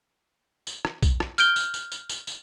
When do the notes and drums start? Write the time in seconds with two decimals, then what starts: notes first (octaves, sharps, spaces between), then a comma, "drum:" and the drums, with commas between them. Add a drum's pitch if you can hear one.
0.67 drum: tambourine
0.85 drum: rim click
1.02 drum: kick, tambourine
1.20 drum: rim click
1.38 F6 G6 D7 G7, drum: tambourine
1.56 drum: tambourine
1.74 drum: tambourine
1.92 drum: tambourine
2.09 drum: tambourine
2.27 drum: tambourine